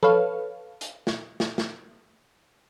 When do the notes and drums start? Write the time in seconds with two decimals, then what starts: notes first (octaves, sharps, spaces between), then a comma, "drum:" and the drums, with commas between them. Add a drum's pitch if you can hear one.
0.03 A4 B4 C#5 F5, drum: tom
0.81 drum: hi-hat
1.07 drum: snare
1.40 drum: snare
1.58 drum: snare